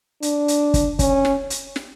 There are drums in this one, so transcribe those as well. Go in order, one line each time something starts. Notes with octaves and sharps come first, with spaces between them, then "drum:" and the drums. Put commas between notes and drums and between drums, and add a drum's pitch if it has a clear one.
D4, drum: hi-hat
drum: hi-hat
drum: kick, hi-hat
C#4, drum: kick, hi-hat
drum: snare
drum: hi-hat
drum: snare